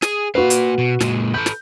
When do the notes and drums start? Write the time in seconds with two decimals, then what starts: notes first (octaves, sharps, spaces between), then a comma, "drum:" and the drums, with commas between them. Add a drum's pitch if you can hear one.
0.02 G#4, drum: snare
0.35 A#2 F#4 B4 F5
0.50 drum: hi-hat
0.78 B2
1.00 A#2 G#3, drum: snare
1.34 A4 B4 G6
1.46 drum: snare